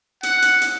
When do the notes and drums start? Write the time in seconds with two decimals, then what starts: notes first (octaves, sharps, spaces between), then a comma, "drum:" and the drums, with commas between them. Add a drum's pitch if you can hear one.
0.23 F#5, drum: hi-hat
0.42 drum: hi-hat
0.61 drum: hi-hat